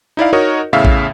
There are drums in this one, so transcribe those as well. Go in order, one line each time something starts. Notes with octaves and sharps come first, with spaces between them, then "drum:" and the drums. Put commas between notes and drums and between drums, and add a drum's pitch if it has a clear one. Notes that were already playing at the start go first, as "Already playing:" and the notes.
D#4 E4 D5 F5
D#4 F#4 A#4 C#5 D#5
E2 A2 C#3 E5 F5
drum: kick